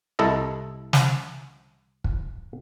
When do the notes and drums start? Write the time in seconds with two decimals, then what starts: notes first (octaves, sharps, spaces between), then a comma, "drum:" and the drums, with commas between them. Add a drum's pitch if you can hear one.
0.19 C2 E4 A4 D#5
0.93 drum: snare
2.04 drum: kick